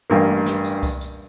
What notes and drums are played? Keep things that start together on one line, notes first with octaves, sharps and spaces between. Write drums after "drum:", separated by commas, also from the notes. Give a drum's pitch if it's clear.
A1 G2 A#3
drum: snare
drum: tambourine
drum: kick C2, tambourine
drum: tambourine